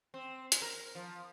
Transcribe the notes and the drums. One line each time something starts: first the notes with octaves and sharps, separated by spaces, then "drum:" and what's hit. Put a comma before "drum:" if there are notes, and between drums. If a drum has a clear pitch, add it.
C4
drum: hi-hat
A#4
F3